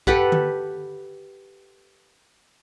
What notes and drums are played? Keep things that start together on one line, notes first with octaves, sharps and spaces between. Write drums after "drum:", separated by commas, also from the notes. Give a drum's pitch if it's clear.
G4 A4 B4 F#5, drum: kick
drum: tom D3